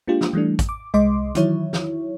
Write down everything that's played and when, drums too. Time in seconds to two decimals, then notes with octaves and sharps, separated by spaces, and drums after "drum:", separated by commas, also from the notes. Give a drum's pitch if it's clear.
0.08 G#3 A#3 D4 F4 G4
0.21 drum: snare
0.33 E3 G3 A3 D4
0.59 drum: kick, hi-hat
0.69 D6
0.94 C2 G#3 D#5 C6 D6
1.35 D#3 E3 F#3 E4 C#5, drum: hi-hat
1.73 drum: snare